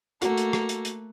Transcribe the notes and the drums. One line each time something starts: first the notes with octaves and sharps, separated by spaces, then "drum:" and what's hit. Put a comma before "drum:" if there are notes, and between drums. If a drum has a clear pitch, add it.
A3 A#3 F#4 A4, drum: hi-hat
drum: hi-hat
drum: rim click
drum: hi-hat
drum: hi-hat